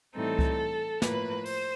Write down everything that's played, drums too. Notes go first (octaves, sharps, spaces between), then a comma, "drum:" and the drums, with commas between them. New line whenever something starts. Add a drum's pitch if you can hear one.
A2 E3 G3 C4 D#4 A4
drum: kick C2
A2 F3 A#3 B4, drum: snare
C5, drum: open hi-hat